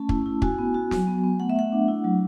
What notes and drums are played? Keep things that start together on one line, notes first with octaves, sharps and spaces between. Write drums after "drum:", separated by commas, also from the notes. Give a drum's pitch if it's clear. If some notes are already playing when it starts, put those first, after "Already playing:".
Already playing: A3 C#4 A5
E4, drum: kick
E4
F#4 G#5, drum: kick
B3
F#4
F#3, drum: snare
B3
B3
A3 F#5
E5
A3 F#5
D4
E4
F#3